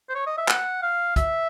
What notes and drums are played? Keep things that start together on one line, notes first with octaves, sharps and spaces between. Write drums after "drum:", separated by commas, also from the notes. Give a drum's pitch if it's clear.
C5
C#5
D#5
E5
F#5, drum: clap
F5
E5, drum: kick, hi-hat